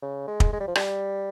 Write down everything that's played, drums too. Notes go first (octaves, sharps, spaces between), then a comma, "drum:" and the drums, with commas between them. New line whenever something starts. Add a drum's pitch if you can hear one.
C#3
G#3
drum: kick
G#3
G3
F3
G3, drum: rim click